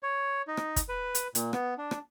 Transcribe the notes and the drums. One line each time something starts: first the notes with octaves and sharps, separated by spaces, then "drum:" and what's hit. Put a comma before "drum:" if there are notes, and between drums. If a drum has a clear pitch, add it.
C#5
D#4
drum: rim click
drum: kick, hi-hat
B4
drum: hi-hat
A#2, drum: hi-hat
B3, drum: rim click
D4
drum: rim click